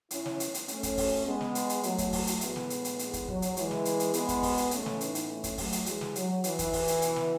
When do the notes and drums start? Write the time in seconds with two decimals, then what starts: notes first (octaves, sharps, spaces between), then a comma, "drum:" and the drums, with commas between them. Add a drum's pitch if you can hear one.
0.11 B2 C#4 E4, drum: hi-hat
0.26 drum: snare
0.40 drum: hi-hat
0.54 drum: hi-hat
0.68 A3 C#4, drum: hi-hat
0.83 drum: kick, hi-hat
0.97 drum: kick, open hi-hat
1.26 G#3 B3
1.41 drum: snare
1.55 drum: hi-hat
1.69 drum: hi-hat
1.83 F#3 A3, drum: hi-hat
1.98 drum: kick, hi-hat
2.13 drum: kick, open hi-hat
2.27 drum: hi-hat
2.41 A2 E3 G#3 B3, drum: hi-hat
2.56 drum: snare
2.70 drum: hi-hat
2.85 drum: hi-hat
2.99 G#3 B3, drum: hi-hat
3.13 drum: kick, hi-hat
3.28 F#3, drum: kick
3.42 drum: hi-hat
3.57 E3 G#3, drum: hi-hat
3.71 drum: snare
3.85 drum: hi-hat
4.00 drum: hi-hat
4.13 G#3 B3, drum: hi-hat
4.28 drum: kick, hi-hat
4.43 drum: kick, open hi-hat
4.57 drum: hi-hat
4.71 A2 E3 A3 C#4, drum: hi-hat
4.86 drum: snare
5.01 B3 D#4, drum: hi-hat
5.15 drum: hi-hat
5.29 A3 C#4
5.44 drum: kick, hi-hat
5.58 F#3 A3, drum: kick, open hi-hat
5.72 drum: hi-hat
5.86 E3 G#3, drum: hi-hat
6.01 drum: snare
6.16 F#3, drum: hi-hat
6.44 E3, drum: hi-hat
6.59 drum: kick, hi-hat
6.73 drum: kick, open hi-hat
6.87 drum: hi-hat
7.02 B2, drum: hi-hat
7.16 drum: snare